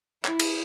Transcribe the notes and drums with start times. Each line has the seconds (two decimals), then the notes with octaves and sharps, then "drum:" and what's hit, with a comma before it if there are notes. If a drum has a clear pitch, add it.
0.25 E4, drum: clap
0.39 drum: cymbal